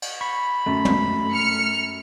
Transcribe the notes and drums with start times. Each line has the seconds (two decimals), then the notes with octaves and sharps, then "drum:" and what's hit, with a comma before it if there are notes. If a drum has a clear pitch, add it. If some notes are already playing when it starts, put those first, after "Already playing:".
0.02 drum: cymbal
0.21 B5 C#6
0.66 F#2 A3
0.85 drum: tom
1.32 F6 C#7